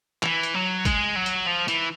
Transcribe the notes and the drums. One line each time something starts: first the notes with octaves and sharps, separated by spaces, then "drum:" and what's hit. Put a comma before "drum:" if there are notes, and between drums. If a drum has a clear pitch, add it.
E3, drum: clap
drum: hi-hat
F#3
G#3, drum: kick, hi-hat
F#3
drum: hi-hat
F3
E3, drum: hi-hat